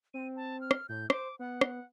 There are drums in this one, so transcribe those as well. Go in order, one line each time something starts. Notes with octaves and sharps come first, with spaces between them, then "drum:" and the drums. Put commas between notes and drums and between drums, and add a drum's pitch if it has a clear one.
C4 D#7
A5
F6
drum: rim click
A2 G6
C5 D6, drum: rim click
B3 F#5
drum: rim click